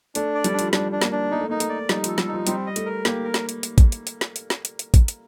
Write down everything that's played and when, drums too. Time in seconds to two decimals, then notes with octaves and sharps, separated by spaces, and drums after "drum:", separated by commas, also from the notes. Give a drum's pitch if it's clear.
0.15 A3 D4, drum: hi-hat
0.35 D5
0.44 G3, drum: hi-hat
0.54 D4
0.59 F3, drum: hi-hat
0.73 G3 D4, drum: snare
0.92 D4
1.02 A#3, drum: snare
1.12 D4
1.31 A#3 D#4
1.41 A3
1.50 A#3 D#4
1.60 A3, drum: hi-hat
1.69 D5
1.89 G3 D#4, drum: snare
2.04 F3 A4, drum: hi-hat
2.18 G3, drum: snare
2.28 F3 D#4
2.47 G3 C4, drum: hi-hat
2.66 D#5
2.76 A3, drum: hi-hat
2.86 A#4
3.05 A#3 G4, drum: snare
3.24 A#4
3.34 drum: snare
3.49 drum: hi-hat
3.63 drum: hi-hat
3.78 drum: kick, hi-hat
3.92 drum: hi-hat
4.07 drum: hi-hat
4.21 drum: snare
4.36 drum: hi-hat
4.50 drum: snare
4.65 drum: hi-hat
4.79 drum: hi-hat
4.94 drum: kick, hi-hat
5.08 drum: hi-hat